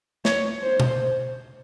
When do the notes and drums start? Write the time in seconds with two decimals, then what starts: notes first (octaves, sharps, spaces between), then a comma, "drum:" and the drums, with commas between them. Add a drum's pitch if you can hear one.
0.25 C#5, drum: snare
0.62 C5
0.80 drum: tom B2